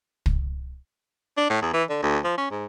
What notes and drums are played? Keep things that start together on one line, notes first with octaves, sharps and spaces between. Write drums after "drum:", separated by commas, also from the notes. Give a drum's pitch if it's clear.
drum: kick
D4
A2
E2
E3
D3
D2
F3
C#4
G#2